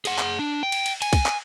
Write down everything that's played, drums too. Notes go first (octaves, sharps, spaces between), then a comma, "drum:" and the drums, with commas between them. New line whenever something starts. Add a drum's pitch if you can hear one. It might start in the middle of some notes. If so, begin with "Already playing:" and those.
G#4 F#5, drum: cymbal
drum: clap
D4
G5
drum: cymbal
drum: cymbal
G#5, drum: cymbal
drum: kick, cymbal
drum: clap